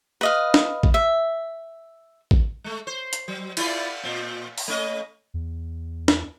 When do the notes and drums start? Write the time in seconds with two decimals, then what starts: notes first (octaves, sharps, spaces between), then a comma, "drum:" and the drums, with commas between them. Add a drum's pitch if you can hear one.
0.21 B4 D#5 F5
0.54 drum: snare
0.83 drum: kick A1
0.94 E5
2.31 drum: kick A1
2.64 G#3 A3
2.87 C5
3.13 drum: hi-hat
3.28 F#3
3.57 E4 F4 D5, drum: cymbal
4.03 A#2 C4
4.58 drum: open hi-hat
4.68 A3 C#4 D#5
5.34 E2
6.08 drum: snare